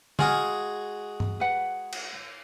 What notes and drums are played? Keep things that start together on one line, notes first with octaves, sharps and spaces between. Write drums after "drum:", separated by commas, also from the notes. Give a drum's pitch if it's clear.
G#3 F#4 G#4 F5 G#5, drum: tom
drum: tom
B4 F#5
drum: cymbal